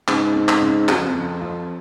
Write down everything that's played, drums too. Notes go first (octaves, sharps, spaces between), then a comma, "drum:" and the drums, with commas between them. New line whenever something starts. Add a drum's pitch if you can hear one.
G#2 C#3, drum: clap
C4
drum: clap
C#3
F#2 C4, drum: clap
F2
F2
C4
F3